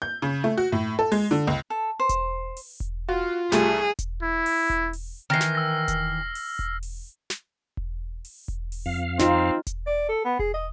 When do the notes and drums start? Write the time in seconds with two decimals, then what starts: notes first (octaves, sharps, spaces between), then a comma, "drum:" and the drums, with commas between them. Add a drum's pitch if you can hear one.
0.02 G6
0.22 C#3
0.44 A3
0.57 F#4
0.72 A2
0.99 A4
1.12 G#3, drum: open hi-hat
1.31 D3
1.47 C#2
1.70 A4
2.00 C5
2.09 drum: kick E1, hi-hat
2.57 drum: open hi-hat
2.80 drum: kick E1
3.09 F4 F#4
3.52 C2 G3 A3 G#4, drum: snare
3.99 drum: kick E1, hi-hat
4.22 E4
4.46 drum: open hi-hat
4.70 drum: kick E1
4.93 drum: open hi-hat
5.30 D#3 E3 F6 A#6 C7
5.41 drum: snare
5.55 E6 A#6
5.88 drum: kick E1, hi-hat
6.35 drum: open hi-hat
6.59 drum: kick E1
6.83 drum: open hi-hat
7.30 drum: snare
7.77 drum: kick E1
8.25 drum: open hi-hat
8.48 drum: kick E1
8.72 drum: open hi-hat
8.86 F2 F5
9.19 C4 D#4 F4, drum: snare
9.67 drum: kick E1, hi-hat
9.87 D5
10.09 A4
10.25 B3
10.39 G#4, drum: kick E1
10.54 D#5